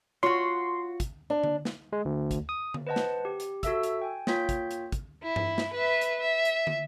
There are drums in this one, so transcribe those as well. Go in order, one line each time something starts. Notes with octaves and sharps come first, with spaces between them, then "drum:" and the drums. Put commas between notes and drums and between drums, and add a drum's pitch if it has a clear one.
F4 F#4 C#5 C6
drum: kick, hi-hat
D4
drum: tom D3
drum: snare
G#3
D2
drum: kick, hi-hat
D#6
drum: tom D3
B4 C5 D#5 F#5 A5
drum: snare
G4
drum: hi-hat
F#4 A4 E5 E6, drum: kick, hi-hat
drum: hi-hat
G5 G#5
A#3 F4 C#5 G5 G6 B6, drum: snare
drum: kick, hi-hat
drum: hi-hat
drum: kick, hi-hat
E4
drum: tom G2
drum: snare
B4 E5
drum: hi-hat
E5
drum: hi-hat
drum: tom